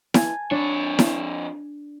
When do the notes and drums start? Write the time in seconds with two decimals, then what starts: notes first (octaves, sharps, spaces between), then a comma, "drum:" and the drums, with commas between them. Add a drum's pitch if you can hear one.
0.14 G#5 A5, drum: snare E4
0.51 F2 D4 C#5
0.99 drum: snare E4